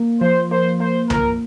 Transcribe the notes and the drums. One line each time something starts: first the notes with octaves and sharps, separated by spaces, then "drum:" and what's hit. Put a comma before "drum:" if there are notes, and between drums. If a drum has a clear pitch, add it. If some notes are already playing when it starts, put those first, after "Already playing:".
Already playing: A#3
F3 C5
A#3 C5
A#3 C5
F3 A#4, drum: tom C2